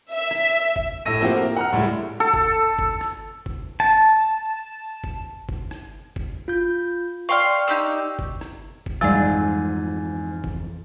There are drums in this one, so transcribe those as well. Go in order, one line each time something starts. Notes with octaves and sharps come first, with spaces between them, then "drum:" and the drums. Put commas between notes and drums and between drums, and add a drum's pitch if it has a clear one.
E5
drum: rim click
drum: kick G1
A2 A3 E6 A#6 D#7
F3 A#3 C4 E4 F#4 G4
A#4
F#5 A#5 F6
A2 G3 G#3 E4
A4
drum: kick G1
drum: kick G1
drum: rim click
drum: kick G1
A5
drum: kick G1
drum: kick G1
drum: rim click
drum: kick G1
F4 G6
D5 F5 G5 C6 C#6 F6
D#4 G4 E6
drum: kick G1
drum: rim click
drum: kick G1
F2 G#2 E3 F3 G3 D5 G#5 A6
drum: kick G1